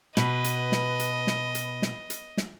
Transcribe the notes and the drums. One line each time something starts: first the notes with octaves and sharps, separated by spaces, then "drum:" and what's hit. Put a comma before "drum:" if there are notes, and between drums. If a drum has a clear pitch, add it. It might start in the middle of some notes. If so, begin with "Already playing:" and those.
B2 B4 D#5, drum: snare
drum: hi-hat
drum: snare
drum: hi-hat
drum: snare
drum: hi-hat
drum: snare
drum: hi-hat
drum: snare